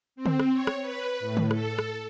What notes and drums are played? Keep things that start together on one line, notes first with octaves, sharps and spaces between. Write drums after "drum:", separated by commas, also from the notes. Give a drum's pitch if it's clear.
C4
drum: tom D3
drum: rim click
C#5
drum: rim click
B4
A2
drum: tom D3
A4, drum: rim click
drum: rim click